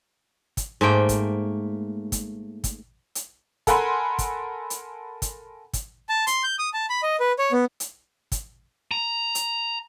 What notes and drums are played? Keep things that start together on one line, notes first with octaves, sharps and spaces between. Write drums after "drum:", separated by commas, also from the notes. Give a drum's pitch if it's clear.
drum: kick, hi-hat
G#2 A3 A#3 G5
drum: kick, hi-hat
drum: kick, hi-hat
drum: kick, hi-hat
drum: hi-hat
A4 A#4 F#5 G#5 B5 C6, drum: kick, hi-hat
drum: kick, hi-hat
drum: hi-hat
drum: kick, hi-hat
drum: kick, hi-hat
A5
C6, drum: hi-hat
G6
D#6
A5
B5
D#5
B4
C#5
B3
drum: hi-hat
drum: kick, hi-hat
A#5
drum: hi-hat